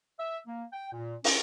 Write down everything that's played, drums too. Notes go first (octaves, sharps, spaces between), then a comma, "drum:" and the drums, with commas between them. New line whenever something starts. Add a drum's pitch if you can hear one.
E5
A#3
G5
A#2
C#4, drum: open hi-hat